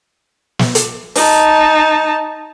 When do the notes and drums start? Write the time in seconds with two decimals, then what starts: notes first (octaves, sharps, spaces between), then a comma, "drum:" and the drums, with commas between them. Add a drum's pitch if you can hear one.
0.59 drum: snare
0.75 drum: hi-hat
1.15 D#4 A5, drum: open hi-hat